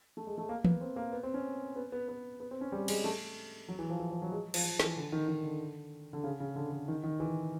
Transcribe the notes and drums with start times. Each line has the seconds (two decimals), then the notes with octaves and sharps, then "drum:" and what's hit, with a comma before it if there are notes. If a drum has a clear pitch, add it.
0.17 A3
0.27 G#3
0.38 A3
0.49 A#3
0.64 B3, drum: tom
0.81 C4
0.96 A#3
1.13 B3
1.23 C4
1.34 C#4
1.76 B3
1.92 B3
2.08 B3
2.40 B3
2.51 C4
2.61 C#4
2.72 G3
2.88 G#3, drum: cymbal
3.04 A3
3.68 F#3
3.79 E3
3.90 F3
4.00 E3
4.11 F3
4.22 F#3
4.32 G#3
4.54 F3, drum: cymbal
4.64 F3
4.80 E3, drum: snare
4.97 D3
5.12 D#3
5.28 D#3
5.44 D3
6.13 D3
6.24 C#3
6.40 C#3
6.56 D3
6.71 D3
6.88 D#3
7.04 D#3
7.20 E3